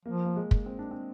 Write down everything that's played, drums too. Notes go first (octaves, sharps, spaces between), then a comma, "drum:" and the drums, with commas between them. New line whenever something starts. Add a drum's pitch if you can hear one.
F3 A#3
A#3
G#3
drum: kick
C4
D4
C4